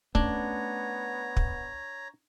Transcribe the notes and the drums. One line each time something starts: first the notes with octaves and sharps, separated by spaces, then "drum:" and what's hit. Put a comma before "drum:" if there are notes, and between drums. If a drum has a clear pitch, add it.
A3 B3 C#4 D4 C#5 A#5, drum: kick
drum: kick